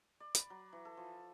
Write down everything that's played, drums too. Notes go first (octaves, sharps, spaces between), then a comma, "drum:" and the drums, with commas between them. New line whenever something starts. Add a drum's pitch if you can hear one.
D5
B5, drum: hi-hat
F#3
E3
A4
F3